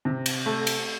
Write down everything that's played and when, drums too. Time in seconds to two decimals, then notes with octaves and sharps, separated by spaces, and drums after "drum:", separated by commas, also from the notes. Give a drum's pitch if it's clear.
0.05 C3
0.26 drum: cymbal
0.46 A3
0.67 drum: cymbal